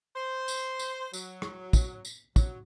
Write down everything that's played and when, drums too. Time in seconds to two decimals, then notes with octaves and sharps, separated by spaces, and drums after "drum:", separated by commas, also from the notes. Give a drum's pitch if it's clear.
0.15 C5
0.48 drum: tambourine
0.79 drum: tambourine
1.13 F#3, drum: tambourine
1.42 drum: rim click
1.73 drum: kick, tambourine
2.05 drum: tambourine
2.36 F#3, drum: kick, tambourine